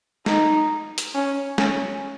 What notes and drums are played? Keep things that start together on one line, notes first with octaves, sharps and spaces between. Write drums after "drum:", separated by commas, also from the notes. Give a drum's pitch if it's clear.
D#4, drum: snare
drum: hi-hat
C#4
C#4, drum: snare